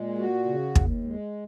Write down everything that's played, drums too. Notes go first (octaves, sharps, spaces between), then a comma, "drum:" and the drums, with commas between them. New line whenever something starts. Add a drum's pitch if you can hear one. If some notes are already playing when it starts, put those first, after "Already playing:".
Already playing: A#2 G#3
F#4
C#3
D#2, drum: kick
G#3